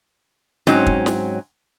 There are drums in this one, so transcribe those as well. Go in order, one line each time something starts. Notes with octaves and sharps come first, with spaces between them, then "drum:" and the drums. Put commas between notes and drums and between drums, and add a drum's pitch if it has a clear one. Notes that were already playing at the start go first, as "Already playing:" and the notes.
G#2 F#3 C4 C#4, drum: snare
drum: kick
drum: snare